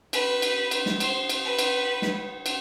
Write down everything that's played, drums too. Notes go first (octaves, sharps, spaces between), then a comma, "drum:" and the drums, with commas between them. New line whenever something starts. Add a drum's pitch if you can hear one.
B4, drum: cymbal
drum: cymbal
drum: cymbal
drum: snare
C5, drum: cymbal
drum: cymbal
B4
drum: cymbal
drum: snare
drum: cymbal